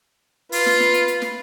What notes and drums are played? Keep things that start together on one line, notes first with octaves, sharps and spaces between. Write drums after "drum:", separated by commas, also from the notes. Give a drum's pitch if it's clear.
F4 B4, drum: open hi-hat
drum: snare
drum: snare
drum: hi-hat
drum: hi-hat
drum: snare